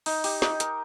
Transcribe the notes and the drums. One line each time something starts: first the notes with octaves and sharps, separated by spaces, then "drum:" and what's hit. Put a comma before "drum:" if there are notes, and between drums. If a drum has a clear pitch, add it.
D#4, drum: open hi-hat
G4, drum: open hi-hat
D#4, drum: snare
A#4, drum: hi-hat